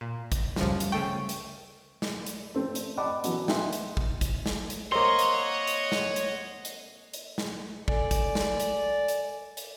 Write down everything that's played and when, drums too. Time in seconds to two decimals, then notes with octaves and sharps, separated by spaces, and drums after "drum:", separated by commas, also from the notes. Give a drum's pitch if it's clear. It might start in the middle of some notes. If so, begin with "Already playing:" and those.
0.01 A#2
0.32 drum: kick, hi-hat
0.56 C#2 F#2 C#3 F3 G3, drum: snare
0.80 drum: hi-hat
0.92 C#3 A3 G5 C#6
1.29 drum: hi-hat
2.02 drum: snare
2.26 drum: hi-hat
2.54 A3 C4
2.75 drum: hi-hat
2.97 D5 D#5 F#5 A5 B5 D6
3.24 E3 F#3 B3, drum: hi-hat
3.48 D#4 E5 F#5 G#5 C6, drum: snare
3.73 drum: hi-hat
3.97 drum: kick
4.21 drum: kick, hi-hat
4.46 drum: snare
4.70 drum: hi-hat
4.92 A#3 C4 C#5 D#5 F#5 C6
5.19 drum: hi-hat
5.67 drum: hi-hat
5.92 drum: snare
6.16 drum: hi-hat
6.65 drum: hi-hat
7.14 drum: hi-hat
7.38 drum: snare
7.88 A4 D5 G#5, drum: kick
8.11 drum: kick, hi-hat
8.35 drum: snare
8.60 drum: hi-hat
9.08 drum: hi-hat
9.57 drum: hi-hat